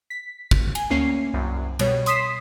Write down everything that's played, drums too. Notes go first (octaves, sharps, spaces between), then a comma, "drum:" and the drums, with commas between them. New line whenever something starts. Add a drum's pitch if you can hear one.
B6
drum: kick
G#5, drum: cymbal
D2 A#3 C#4 C7
C2 F#2
B2 G3 C#5, drum: cymbal
C6 D#6 B6 C7 E7, drum: hi-hat